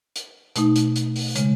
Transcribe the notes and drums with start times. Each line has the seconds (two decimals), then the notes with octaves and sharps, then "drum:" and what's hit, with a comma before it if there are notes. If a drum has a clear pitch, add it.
0.16 drum: hi-hat
0.56 B2 A3 D#4, drum: hi-hat
0.76 drum: hi-hat
0.96 drum: hi-hat
1.16 drum: open hi-hat
1.36 C#3 G#3, drum: hi-hat